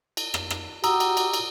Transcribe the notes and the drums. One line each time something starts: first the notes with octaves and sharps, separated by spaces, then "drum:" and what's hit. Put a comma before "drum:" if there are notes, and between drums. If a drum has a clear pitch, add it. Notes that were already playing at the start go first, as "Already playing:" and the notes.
drum: cymbal
drum: rim click
drum: rim click
F#4 G4 A#5 D#6 E6, drum: cymbal
drum: cymbal
drum: cymbal
drum: cymbal